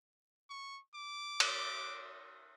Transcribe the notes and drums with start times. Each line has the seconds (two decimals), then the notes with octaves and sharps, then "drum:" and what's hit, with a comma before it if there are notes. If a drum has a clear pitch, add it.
0.50 C#6
0.94 D6
1.40 drum: cymbal